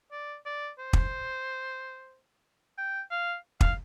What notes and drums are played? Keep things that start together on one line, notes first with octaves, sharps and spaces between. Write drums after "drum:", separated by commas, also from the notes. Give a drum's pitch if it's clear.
D5
D5
C5
drum: kick
G5
F5
F5, drum: kick